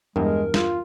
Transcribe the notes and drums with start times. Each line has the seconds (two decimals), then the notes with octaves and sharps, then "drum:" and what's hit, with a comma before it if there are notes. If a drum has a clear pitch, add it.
0.16 E2 G2 G#3 A#4
0.54 F4, drum: snare